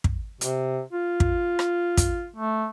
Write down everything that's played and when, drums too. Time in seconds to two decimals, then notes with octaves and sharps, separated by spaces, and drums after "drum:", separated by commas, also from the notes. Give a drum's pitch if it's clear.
0.04 drum: kick
0.41 C3, drum: hi-hat
0.93 F4
1.20 drum: kick
1.59 drum: rim click
1.97 drum: kick, hi-hat
2.36 A3